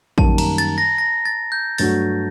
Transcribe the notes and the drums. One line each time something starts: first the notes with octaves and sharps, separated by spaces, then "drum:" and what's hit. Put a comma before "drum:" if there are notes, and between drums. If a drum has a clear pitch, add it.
F#2 D#3 G3 A#3 A5, drum: kick A1
A#5, drum: cymbal
A6, drum: hi-hat
A#6
A#6
A6
G6
G2 F#3 A3 D4 F#4 A6, drum: open hi-hat